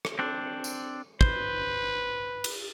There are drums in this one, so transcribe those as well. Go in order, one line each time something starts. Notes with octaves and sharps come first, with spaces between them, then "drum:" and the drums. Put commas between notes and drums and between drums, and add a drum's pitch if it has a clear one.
drum: rim click
C4 D4
drum: tambourine
B4 C5, drum: kick
drum: cymbal